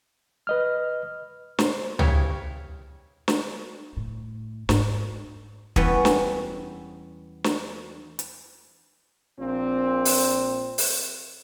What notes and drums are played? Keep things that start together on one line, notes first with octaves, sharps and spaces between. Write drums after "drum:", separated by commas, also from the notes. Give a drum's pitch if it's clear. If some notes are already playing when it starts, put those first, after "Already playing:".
B4 D#5 F6
C5, drum: snare
C#3 E4 G4 C#5, drum: tom
drum: snare
A2
G#2, drum: snare
E2 E3 G3 B3 C#4, drum: kick
drum: snare
drum: snare
drum: hi-hat
A#1 A#2 C4
drum: open hi-hat
drum: open hi-hat